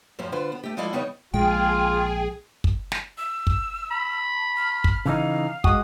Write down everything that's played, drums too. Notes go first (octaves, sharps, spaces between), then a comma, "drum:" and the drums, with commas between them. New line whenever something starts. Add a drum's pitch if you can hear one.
F#2 A2 F3 G3 C#4
D3 F4 B4 C5
B3
A3 G4
F3 G#3 E4 A4 D5 F5
E2 C#3 G3 B3 D#4 C#5
A#1 A#2 G#3 F4 G#4 G5
drum: kick
drum: snare
E6
drum: kick
B5
F6
drum: kick
C#3 E3 D#4 F5
G#3 F#4 D#6, drum: kick